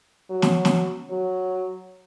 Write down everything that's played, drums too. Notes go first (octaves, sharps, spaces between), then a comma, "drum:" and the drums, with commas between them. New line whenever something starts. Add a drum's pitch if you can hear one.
F#3
drum: snare
drum: snare
F#3